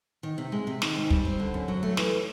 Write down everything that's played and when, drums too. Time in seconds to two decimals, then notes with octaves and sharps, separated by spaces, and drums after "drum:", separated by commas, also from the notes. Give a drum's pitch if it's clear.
0.23 D#3
0.38 C3
0.52 G#3
0.67 C3
0.82 D#3, drum: snare
0.96 G#2
1.10 G3, drum: kick
1.25 C4
1.39 D3
1.54 F#2
1.68 F#3
1.83 A3
1.97 E3, drum: snare